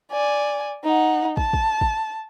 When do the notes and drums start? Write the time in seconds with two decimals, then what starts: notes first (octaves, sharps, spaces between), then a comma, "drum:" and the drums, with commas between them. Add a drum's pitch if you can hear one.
0.12 D5 G#5
0.85 D#4 F#5
1.37 A5, drum: kick
1.53 drum: kick
1.81 drum: kick